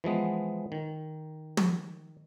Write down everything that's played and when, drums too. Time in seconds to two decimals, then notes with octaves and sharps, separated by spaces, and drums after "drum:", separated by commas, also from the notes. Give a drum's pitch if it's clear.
0.04 E3 F3 G#3 B3
0.72 D#3
1.57 drum: tom